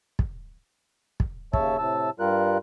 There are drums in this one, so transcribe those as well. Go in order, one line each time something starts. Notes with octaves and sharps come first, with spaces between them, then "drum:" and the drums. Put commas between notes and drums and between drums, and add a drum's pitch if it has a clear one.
drum: kick
drum: kick
D#2 C#3 C#5 E5 A5 E6, drum: kick
A2 C3 A5 E6
G2 G3 F4 A#4 F#6